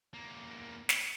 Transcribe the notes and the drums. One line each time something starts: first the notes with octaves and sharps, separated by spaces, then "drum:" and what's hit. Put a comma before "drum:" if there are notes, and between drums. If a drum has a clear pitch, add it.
E2 A#3
drum: snare